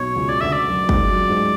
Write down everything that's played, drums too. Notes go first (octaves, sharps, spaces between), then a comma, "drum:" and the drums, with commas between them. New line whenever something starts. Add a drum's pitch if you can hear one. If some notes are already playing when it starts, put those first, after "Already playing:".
Already playing: B1 B2 C#5
C#2 C#3
D5
D2 D3 E5
D5
F#2 F#3
G#2 G#3, drum: kick
F#2 F#3
G#2 G#3